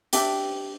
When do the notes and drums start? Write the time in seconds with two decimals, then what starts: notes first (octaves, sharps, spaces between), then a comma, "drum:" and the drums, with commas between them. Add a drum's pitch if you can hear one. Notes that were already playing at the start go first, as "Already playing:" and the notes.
0.13 D4 G4 E5 G5, drum: hi-hat